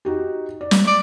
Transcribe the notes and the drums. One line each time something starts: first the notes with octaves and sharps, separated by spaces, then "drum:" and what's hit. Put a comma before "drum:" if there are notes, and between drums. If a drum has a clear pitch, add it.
D#4 F#4 G4
D5
drum: snare
D5